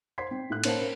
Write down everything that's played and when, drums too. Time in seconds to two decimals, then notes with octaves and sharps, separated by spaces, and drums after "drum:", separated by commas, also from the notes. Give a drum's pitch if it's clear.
0.18 C5 C6 G#6 B6 C7
0.31 C4 G5
0.50 A2 F#6
0.64 A#3 C#4 C5 C#5 F5 A5, drum: cymbal
0.80 A#4